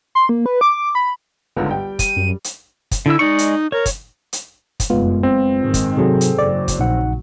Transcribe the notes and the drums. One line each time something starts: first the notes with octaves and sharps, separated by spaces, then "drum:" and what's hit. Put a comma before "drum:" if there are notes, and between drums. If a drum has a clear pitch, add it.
C6
A#3
B4
D6
B5
G1 C#2 G#2 D3
G3 G5
D#7, drum: kick, hi-hat
F#2
drum: hi-hat
drum: kick, hi-hat
D3 E4 E6
G#3 D#4 D5 C#6
drum: hi-hat
A#4 C#5
drum: kick, hi-hat
drum: hi-hat
drum: kick, hi-hat
F1 F#2 G#3 B3 F4
F#1 C4
G#2 D#3 G#3
drum: kick, hi-hat
C3 F#3 G#4 A4
drum: hi-hat
F#1 F#3 D5
drum: kick, hi-hat
A#1 D#4 F#5